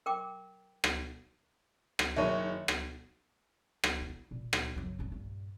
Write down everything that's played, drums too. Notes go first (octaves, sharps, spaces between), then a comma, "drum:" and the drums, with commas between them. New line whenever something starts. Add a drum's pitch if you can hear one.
A#4 G5 D6
drum: rim click
drum: rim click
F#1 D#3 C#5 E5 A5
drum: rim click
drum: rim click
E4
A#2
drum: rim click
F#2 C#3
A#1 C#4
G2 A#2